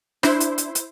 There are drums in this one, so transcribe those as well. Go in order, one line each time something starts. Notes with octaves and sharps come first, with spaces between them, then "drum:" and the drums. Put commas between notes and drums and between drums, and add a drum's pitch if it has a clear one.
D4 E4 C5, drum: rim click
drum: hi-hat
drum: hi-hat
drum: hi-hat